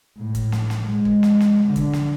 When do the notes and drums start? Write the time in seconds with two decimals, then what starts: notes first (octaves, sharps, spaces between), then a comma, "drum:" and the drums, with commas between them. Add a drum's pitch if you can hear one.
0.17 A2
0.35 drum: kick, hi-hat
0.52 drum: snare
0.70 drum: snare
0.84 G#3
1.05 drum: kick
1.23 drum: snare
1.40 drum: snare
1.65 D3
1.76 drum: kick, hi-hat
1.93 drum: snare